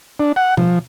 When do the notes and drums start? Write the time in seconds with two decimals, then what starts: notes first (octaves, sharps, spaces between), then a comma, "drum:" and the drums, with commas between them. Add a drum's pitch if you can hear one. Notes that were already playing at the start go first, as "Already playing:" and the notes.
0.20 D4
0.36 F#5
0.57 F3, drum: tom B2